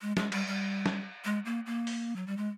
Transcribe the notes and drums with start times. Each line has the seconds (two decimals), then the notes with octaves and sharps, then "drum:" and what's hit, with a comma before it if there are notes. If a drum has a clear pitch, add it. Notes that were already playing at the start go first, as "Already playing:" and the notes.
0.02 G#3
0.17 G#3, drum: snare
0.32 G3, drum: cymbal
0.47 G3
0.86 drum: snare
1.25 G#3
1.46 A#3
1.66 A#3
1.87 drum: open hi-hat
2.16 F#3
2.27 G3
2.37 G#3